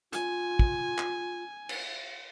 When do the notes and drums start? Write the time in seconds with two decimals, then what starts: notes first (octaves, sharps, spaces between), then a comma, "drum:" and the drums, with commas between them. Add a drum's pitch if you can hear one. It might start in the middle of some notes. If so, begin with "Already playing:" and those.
0.13 F4 G#5, drum: hi-hat
0.59 drum: kick
0.99 drum: clap
1.69 drum: cymbal